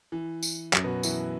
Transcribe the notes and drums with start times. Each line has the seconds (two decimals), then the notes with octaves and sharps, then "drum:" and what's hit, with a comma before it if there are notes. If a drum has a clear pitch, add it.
0.12 E3
0.43 drum: tambourine
0.73 F#2 F#3, drum: clap
0.84 B2 B3
1.03 E3 E4, drum: tambourine